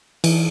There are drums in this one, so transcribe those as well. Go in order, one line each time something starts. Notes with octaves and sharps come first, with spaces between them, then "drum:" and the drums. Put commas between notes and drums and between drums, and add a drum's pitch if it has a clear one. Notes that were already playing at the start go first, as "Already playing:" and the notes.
E3, drum: cymbal